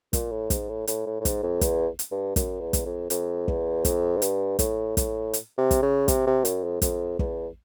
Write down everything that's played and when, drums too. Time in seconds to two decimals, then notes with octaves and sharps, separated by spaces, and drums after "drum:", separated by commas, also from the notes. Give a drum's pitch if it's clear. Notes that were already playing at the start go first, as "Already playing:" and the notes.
0.13 A#2, drum: kick, hi-hat
0.32 A2
0.50 G#2, drum: kick, hi-hat
0.69 A2
0.87 A2, drum: hi-hat
1.06 A2
1.21 A2
1.25 G#2, drum: kick, hi-hat
1.43 F2
1.61 E2, drum: kick, hi-hat
1.99 drum: hi-hat
2.12 G2
2.36 F#2, drum: kick, hi-hat
2.61 E2
2.73 drum: kick, hi-hat
2.86 F2
3.10 F2, drum: hi-hat
3.48 E2, drum: kick
3.85 F2, drum: kick, hi-hat
4.17 G#2
4.22 G2, drum: hi-hat
4.59 A2, drum: kick, hi-hat
4.97 A2, drum: kick, hi-hat
5.33 drum: hi-hat
5.58 C3
5.71 drum: kick, hi-hat
5.82 C#3
6.08 C3, drum: kick, hi-hat
6.27 C3
6.45 F#2, drum: hi-hat
6.64 F2
6.82 F2, drum: kick, hi-hat
7.19 E2, drum: kick